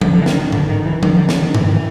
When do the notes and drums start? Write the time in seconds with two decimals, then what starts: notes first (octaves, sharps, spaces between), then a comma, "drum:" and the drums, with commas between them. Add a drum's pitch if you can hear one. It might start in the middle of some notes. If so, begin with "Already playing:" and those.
0.01 D3, drum: tom F3
0.13 D3
0.22 E3
0.26 D#3, drum: snare
0.40 D#3
0.52 D3, drum: tom G#2
0.69 D#3
0.86 E3
1.03 D#3, drum: tom F3
1.16 D3
1.29 E3, drum: snare
1.42 D#3
1.55 E3, drum: tom G2
1.64 D#3
1.74 E3